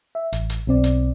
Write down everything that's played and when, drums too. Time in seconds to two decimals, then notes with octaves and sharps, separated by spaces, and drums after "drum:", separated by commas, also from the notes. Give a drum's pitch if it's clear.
0.15 E5
0.33 A1, drum: hi-hat
0.50 drum: hi-hat
0.67 B1 C4 D5
0.84 drum: hi-hat